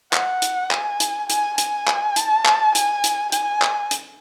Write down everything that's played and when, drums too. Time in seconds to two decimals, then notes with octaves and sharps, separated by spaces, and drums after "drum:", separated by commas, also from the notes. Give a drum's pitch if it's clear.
0.13 F#5, drum: clap
0.42 drum: hi-hat
0.71 G#5, drum: clap
1.00 drum: hi-hat
1.30 G#5, drum: hi-hat
1.58 G#5, drum: hi-hat
1.87 drum: clap
2.16 A5, drum: hi-hat
2.46 drum: clap
2.75 G#5, drum: hi-hat
3.04 drum: hi-hat
3.32 G#5, drum: hi-hat
3.62 drum: clap
3.91 drum: hi-hat